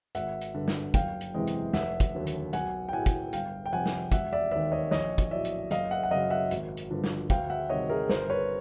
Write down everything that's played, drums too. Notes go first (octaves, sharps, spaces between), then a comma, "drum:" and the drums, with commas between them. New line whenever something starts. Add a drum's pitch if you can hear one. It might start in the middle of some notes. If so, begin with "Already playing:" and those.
G#1 E5 F#5, drum: hi-hat
drum: hi-hat
G2 D3
drum: snare
F#1 F5 G5, drum: kick, hi-hat
drum: hi-hat
E2 C3 E3 G#3
drum: hi-hat
F1 E5 F#5, drum: snare
drum: kick, hi-hat
D#2 D3 F#3
drum: hi-hat
B1 F#5 G#5, drum: hi-hat
G5
A2 F#3 F#5 G#5
drum: kick, hi-hat
G1 F5 G5, drum: hi-hat
G5
F2 C3 F#5 G#5
drum: snare
E1 E5 F#5, drum: kick, hi-hat
D5 E5
D#2 D#3 D5 E5
C#5 D#5
A#1 C#5 D#5, drum: snare
drum: kick, hi-hat
A2 F#3 D5 E5
drum: hi-hat
F#1 D#5 F5, drum: hi-hat
E5 F#5
F#5
F#2 C#3 D#5 F5
E5 F#5
G#1, drum: hi-hat
drum: hi-hat
G2 D3 F3
drum: snare
D2 F5 G5, drum: kick, hi-hat
E5 F#5
C3 D#3 G3 C#5 D#5
G#4 A#4
G1 A#4 C5, drum: snare
B4 C#5